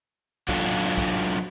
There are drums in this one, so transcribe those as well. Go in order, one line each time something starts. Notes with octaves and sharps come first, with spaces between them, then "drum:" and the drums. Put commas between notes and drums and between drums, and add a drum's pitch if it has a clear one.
F#3 D4 F4 F#4 A4, drum: kick
drum: kick